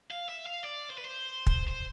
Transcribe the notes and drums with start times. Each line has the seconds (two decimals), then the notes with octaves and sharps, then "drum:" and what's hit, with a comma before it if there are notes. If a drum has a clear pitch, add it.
0.11 F5
0.29 E5
0.46 F5
0.64 D5
0.90 C5
0.98 B4
1.05 C5
1.47 drum: kick
1.68 C5